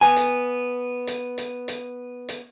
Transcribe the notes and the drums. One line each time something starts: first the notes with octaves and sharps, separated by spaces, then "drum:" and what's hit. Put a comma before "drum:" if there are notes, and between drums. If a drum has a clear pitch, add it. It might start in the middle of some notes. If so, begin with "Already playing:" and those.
B3 G#5
drum: hi-hat
drum: hi-hat
drum: hi-hat
drum: hi-hat
drum: hi-hat